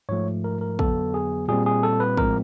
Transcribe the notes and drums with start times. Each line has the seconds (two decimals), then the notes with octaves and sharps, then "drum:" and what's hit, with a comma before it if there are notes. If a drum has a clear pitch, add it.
0.09 G#2 F3 A3 C#5
0.44 A#4
0.61 A#4
0.79 F2 D3 F#3 B3 A4, drum: kick
1.14 G#4
1.48 A#2 G3 C4 G#4
1.66 G#4
1.83 A4
2.00 B4
2.17 A2 F3 G#3 C4 A#4, drum: kick